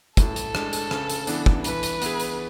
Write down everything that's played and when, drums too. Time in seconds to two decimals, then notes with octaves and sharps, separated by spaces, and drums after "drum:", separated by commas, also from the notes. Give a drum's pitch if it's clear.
0.17 A2 A4, drum: kick, hi-hat
0.36 drum: hi-hat
0.55 G#3 D4, drum: rim click
0.73 drum: hi-hat
0.91 C#3, drum: rim click
1.10 drum: hi-hat
1.27 E3 B3 D4, drum: hi-hat
1.46 drum: kick
1.64 E3 B4, drum: hi-hat
1.83 drum: hi-hat
2.02 B3 E4 G#4, drum: hi-hat
2.20 drum: hi-hat